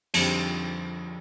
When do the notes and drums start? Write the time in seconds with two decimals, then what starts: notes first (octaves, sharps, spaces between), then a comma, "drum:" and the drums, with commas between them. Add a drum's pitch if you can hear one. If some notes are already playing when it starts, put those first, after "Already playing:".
0.14 F2 D3 G3 C4, drum: cymbal